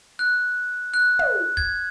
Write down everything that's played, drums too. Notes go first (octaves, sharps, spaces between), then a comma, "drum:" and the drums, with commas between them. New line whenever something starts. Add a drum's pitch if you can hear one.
F#6
F#6
drum: tom
G#6, drum: kick